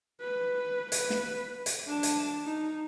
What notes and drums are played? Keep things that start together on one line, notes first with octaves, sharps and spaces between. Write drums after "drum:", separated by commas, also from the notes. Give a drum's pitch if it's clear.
B4
B4, drum: hi-hat
drum: snare
drum: hi-hat
D4 A5
drum: hi-hat
D#4